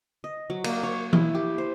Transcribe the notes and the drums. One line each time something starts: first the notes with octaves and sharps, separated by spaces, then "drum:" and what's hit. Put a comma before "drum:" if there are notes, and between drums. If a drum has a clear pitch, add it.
D#5
F#3
A#3, drum: cymbal
C#5
E4, drum: tom E3
G4
C5